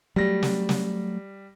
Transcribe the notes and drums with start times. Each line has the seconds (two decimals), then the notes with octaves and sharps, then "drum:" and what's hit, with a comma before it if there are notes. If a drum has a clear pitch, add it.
0.16 F#3 G3 A3 A#6
0.43 drum: snare
0.69 drum: snare